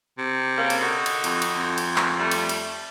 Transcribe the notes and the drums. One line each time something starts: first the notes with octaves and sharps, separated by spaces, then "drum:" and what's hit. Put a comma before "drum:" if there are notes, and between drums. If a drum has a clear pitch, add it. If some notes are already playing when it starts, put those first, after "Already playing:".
C3
C#3 G3 A#3
drum: cymbal
D3 D#4 F#4
drum: cymbal
F2, drum: cymbal
drum: cymbal
F2
drum: cymbal
drum: clap
G3 A3
drum: cymbal
drum: cymbal